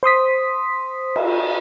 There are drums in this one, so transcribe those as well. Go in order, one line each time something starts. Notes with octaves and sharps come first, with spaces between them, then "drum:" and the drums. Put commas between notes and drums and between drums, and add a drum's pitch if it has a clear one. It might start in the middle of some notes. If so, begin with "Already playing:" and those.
C5 C6 D#6 B6
drum: cymbal